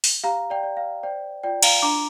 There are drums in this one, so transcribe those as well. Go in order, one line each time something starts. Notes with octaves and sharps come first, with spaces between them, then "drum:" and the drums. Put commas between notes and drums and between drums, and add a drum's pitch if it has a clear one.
drum: open hi-hat
G4 F5 A#5
D5 G5
D5
F5
C5 D5 G5
F4 D5 G5
F5 A#5, drum: cymbal
D4 A#5 D6